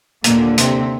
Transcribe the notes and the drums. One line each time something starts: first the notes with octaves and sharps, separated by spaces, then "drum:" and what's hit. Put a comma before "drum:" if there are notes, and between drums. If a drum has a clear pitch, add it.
D#2 A#2 D3 A#3, drum: hi-hat
C3 C4, drum: hi-hat